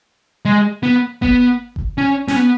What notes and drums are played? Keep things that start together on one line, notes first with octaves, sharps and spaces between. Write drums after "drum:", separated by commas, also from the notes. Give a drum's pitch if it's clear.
G#3
B3
B3, drum: kick G1
drum: kick G1
C#4
C#4, drum: snare
B3